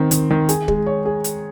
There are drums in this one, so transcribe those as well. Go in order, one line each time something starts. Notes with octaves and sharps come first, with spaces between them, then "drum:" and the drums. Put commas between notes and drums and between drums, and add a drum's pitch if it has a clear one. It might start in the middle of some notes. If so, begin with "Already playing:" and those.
Already playing: D#3 C4
D#3, drum: hi-hat
D#3
G#4, drum: hi-hat
G#3, drum: kick
C#5
G#4
drum: hi-hat